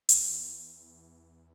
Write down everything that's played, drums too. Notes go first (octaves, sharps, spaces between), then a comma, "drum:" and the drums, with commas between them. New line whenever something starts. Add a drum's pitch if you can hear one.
E2, drum: hi-hat